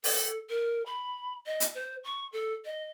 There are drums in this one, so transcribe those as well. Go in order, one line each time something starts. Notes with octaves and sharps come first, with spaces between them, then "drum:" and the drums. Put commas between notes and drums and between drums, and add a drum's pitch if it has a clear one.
A4, drum: open hi-hat
A#4
B5
D#5
drum: hi-hat
C5
C#6
A4
D#5